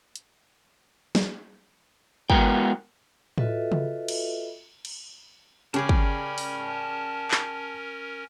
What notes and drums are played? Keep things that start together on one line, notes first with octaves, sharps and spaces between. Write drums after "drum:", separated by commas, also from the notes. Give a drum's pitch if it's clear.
drum: hi-hat
drum: snare
G#3 B3 F#4 A#4 G5, drum: kick
F4 F#4 A4 B4 D#5 E5, drum: tom A2
drum: tom C#3
drum: cymbal
drum: cymbal
C#3 C#4 G4 G#4 A#4 D5 A5 B5, drum: hi-hat
drum: kick
drum: open hi-hat
drum: clap